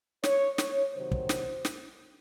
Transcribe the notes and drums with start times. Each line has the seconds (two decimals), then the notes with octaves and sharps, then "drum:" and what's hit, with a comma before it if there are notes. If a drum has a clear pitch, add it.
0.24 C#5, drum: snare
0.58 C#5, drum: snare
0.94 C3 D#3 F#3 C5
1.11 drum: kick
1.29 drum: snare
1.65 drum: snare